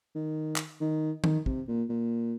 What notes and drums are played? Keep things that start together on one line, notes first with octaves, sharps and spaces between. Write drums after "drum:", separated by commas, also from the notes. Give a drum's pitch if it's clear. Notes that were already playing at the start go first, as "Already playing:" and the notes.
D#3
drum: clap
D#3
D#3, drum: tom
C3, drum: kick
A#2
A#2